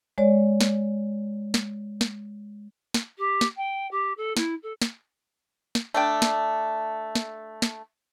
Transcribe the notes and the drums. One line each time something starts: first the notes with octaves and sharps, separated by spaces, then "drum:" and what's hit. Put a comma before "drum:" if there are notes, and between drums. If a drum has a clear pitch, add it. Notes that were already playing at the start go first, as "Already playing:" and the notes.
G#3 C#5 D5
drum: snare
drum: snare
drum: snare
drum: snare
G4
drum: snare
G5
G4
A4
E4, drum: snare
A4
drum: snare
drum: snare
A3 D4 G5
drum: snare
drum: snare
drum: snare